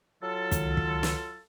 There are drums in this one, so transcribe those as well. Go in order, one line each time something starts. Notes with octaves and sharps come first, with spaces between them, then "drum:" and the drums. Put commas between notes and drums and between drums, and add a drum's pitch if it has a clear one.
F#3 F4 A4
C#2 D#3, drum: kick, hi-hat
drum: kick
drum: snare